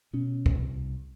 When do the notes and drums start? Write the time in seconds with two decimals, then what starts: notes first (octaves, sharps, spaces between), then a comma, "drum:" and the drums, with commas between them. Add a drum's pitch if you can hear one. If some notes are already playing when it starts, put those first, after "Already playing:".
0.13 B2 C#4
0.46 drum: kick
0.55 C2